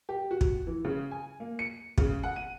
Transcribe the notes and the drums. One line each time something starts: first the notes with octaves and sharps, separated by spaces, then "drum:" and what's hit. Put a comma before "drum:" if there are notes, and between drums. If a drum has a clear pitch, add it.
G4
F#4
drum: kick
E3
C#3
G#5
A#3
C#7
C#3, drum: kick
F#5
D#7